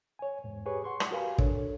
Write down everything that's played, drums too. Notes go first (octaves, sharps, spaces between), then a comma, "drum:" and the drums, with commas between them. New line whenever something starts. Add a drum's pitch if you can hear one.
C#5 G#5
E2 G#2
G4 G#4 B4 C#5 G#5 C#6
F#5 C6 C#6
drum: rim click
F#4 G4 A#4 B4 F5 G#5
D4 A4 C#5, drum: kick